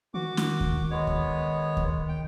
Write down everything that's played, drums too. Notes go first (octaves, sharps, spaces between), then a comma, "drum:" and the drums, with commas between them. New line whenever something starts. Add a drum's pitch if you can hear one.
D#3 F#4 D6
drum: snare
drum: kick D2
G#3 B3 C#5
drum: kick D2
drum: kick D2
G5